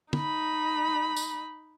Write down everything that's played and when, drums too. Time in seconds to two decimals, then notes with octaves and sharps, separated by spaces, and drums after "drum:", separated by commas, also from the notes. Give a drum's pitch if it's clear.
0.13 D#4 B5, drum: tom
1.16 drum: tambourine